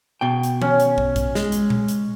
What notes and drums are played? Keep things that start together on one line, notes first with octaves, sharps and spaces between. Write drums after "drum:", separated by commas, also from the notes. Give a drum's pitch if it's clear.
B2 G5
drum: hi-hat
C#4, drum: tom D#3
drum: hi-hat
drum: kick
drum: kick, hi-hat
G#3, drum: snare
drum: hi-hat
drum: tom A#2
drum: hi-hat